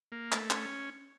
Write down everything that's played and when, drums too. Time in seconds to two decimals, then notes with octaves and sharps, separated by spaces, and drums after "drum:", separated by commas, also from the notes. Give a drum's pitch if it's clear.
0.12 A#3
0.32 A3, drum: clap
0.50 C#4, drum: clap